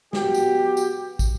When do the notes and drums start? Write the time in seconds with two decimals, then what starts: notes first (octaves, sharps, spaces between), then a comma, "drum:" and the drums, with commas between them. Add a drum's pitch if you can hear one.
0.13 B3 F#4 G4, drum: snare
0.34 drum: tambourine
0.77 drum: tambourine
1.19 drum: kick, tambourine